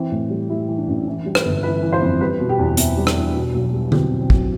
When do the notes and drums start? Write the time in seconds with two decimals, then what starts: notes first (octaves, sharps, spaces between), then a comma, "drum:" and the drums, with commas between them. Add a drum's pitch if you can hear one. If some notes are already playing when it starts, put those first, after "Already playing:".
Already playing: E3 C4
0.11 A2
0.30 G3
0.50 G3 E4
0.68 E3
0.78 D4
0.87 A1
1.07 E3 D4
1.26 G3
1.35 B4, drum: rim click
1.45 G1
1.63 E3 B4
1.82 E3
1.92 C5
2.02 F2
2.21 G3 B4
2.40 B2
2.49 G4
2.59 E2
2.77 E2 E4, drum: hi-hat
2.97 G3
3.07 D4, drum: rim click
3.16 E2
3.35 B2
3.54 B1
3.73 G3
3.92 B1 C4, drum: tom D3
4.10 B2
4.21 C4
4.30 B1, drum: kick